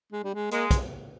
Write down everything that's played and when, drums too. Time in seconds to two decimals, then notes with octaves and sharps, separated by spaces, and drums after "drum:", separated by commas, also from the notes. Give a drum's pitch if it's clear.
0.12 G#3
0.24 G3
0.34 G#3
0.51 G#3 A#3, drum: hi-hat
0.71 drum: kick, hi-hat